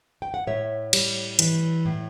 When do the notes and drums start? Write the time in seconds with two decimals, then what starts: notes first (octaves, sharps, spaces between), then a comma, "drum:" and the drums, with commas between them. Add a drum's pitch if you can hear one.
0.22 G5
0.34 F#5
0.47 A2 C#5 E5
0.93 G3, drum: cymbal
1.39 E3, drum: hi-hat
1.85 A2